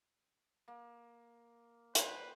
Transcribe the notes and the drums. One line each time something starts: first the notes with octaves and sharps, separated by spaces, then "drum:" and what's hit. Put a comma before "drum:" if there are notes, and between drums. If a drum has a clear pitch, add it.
A#3
B4 C5 G5, drum: hi-hat